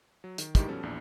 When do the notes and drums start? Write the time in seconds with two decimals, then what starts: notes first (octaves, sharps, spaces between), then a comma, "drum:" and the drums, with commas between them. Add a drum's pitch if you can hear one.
0.24 F#3
0.38 D#3, drum: hi-hat
0.55 G2 D#3 G#3 D#4 E4 G4, drum: kick, hi-hat
0.68 B2 F3 G3 C#4 A4
0.83 A#1 E2 D4